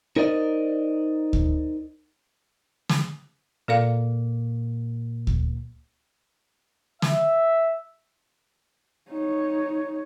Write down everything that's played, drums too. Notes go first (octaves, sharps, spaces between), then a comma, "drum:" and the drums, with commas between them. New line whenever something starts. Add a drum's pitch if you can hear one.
D#4 A#4 C5 D5 D#5
drum: kick D2
drum: snare
A#2 A#3 A4 D5 F5
drum: kick D2
E5, drum: snare
D#4 C#5